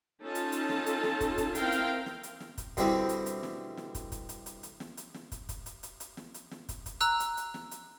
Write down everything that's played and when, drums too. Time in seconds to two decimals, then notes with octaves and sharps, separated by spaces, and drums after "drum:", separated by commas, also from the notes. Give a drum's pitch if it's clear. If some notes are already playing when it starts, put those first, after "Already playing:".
0.23 C#4 D#4 F4 A4 A5
0.35 drum: hi-hat
0.52 drum: hi-hat
0.69 drum: snare
0.86 drum: hi-hat
1.03 drum: snare
1.21 drum: kick, hi-hat
1.38 drum: kick, hi-hat
1.55 C4 E4 A#4 F5 G5, drum: hi-hat
1.72 drum: hi-hat
2.06 drum: snare
2.23 drum: hi-hat
2.40 drum: snare
2.58 drum: kick, hi-hat
2.77 B2 D3 G3 C4 E4 G4, drum: kick, hi-hat
3.09 drum: hi-hat
3.26 drum: hi-hat
3.43 drum: snare
3.77 drum: snare
3.95 drum: kick, hi-hat
4.12 drum: kick, hi-hat
4.29 drum: hi-hat
4.46 drum: hi-hat
4.63 drum: hi-hat
4.80 drum: snare
4.97 drum: hi-hat
5.14 drum: snare
5.32 drum: kick, hi-hat
5.49 drum: kick, hi-hat
5.66 drum: hi-hat
5.83 drum: hi-hat
6.00 drum: hi-hat
6.17 drum: snare
6.34 drum: hi-hat
6.51 drum: snare
6.69 drum: kick, hi-hat
6.86 drum: kick, hi-hat
7.01 A#5 E6 F#6, drum: hi-hat
7.20 drum: hi-hat
7.37 drum: hi-hat
7.54 drum: snare
7.71 drum: hi-hat